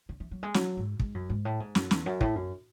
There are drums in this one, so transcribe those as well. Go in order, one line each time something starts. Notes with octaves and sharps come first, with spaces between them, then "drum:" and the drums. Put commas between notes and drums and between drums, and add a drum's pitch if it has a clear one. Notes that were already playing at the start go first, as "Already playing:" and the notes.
D3
E3
F#3
G#3
F#3, drum: snare
G#2
G#2, drum: kick
F#2
G#2
A2
G#2
F#2, drum: snare
E2, drum: snare
F#2
A2, drum: kick
F#2